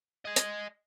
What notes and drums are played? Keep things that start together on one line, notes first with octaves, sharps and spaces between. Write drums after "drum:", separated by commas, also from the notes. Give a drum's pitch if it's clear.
D#5 G#5
drum: hi-hat